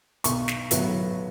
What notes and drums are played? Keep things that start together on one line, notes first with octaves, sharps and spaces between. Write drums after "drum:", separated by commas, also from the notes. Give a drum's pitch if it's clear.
B1 C#6, drum: hi-hat
drum: snare
A2 F#3 B3, drum: hi-hat